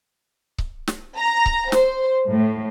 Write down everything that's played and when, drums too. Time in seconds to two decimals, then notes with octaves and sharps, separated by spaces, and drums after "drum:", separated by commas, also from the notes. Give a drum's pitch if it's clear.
0.58 drum: kick C#1
0.88 drum: snare
1.17 A#5
1.46 drum: kick C#1
1.72 C5, drum: snare
2.30 A2